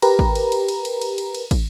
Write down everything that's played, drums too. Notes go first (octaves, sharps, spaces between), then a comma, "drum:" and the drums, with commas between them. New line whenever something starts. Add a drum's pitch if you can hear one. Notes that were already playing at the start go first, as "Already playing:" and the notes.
G4 A#4 B4 A#5, drum: cymbal
drum: kick
drum: cymbal
drum: cymbal
drum: cymbal
drum: cymbal
drum: cymbal
drum: cymbal
drum: cymbal
drum: kick, cymbal